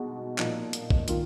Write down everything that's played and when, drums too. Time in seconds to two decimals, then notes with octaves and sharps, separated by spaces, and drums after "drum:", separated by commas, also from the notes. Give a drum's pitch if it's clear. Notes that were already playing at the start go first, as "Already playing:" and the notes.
Already playing: B2 G#3 D#4 F#4
0.38 A#2 F3 A#3 D#4, drum: clap
0.73 drum: hi-hat
0.90 drum: kick
1.08 D#3 A#3 F4, drum: hi-hat